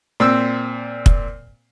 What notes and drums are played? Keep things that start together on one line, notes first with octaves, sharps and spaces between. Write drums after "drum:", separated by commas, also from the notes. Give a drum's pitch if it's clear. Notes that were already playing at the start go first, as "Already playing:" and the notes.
A#2 C4 E6
drum: kick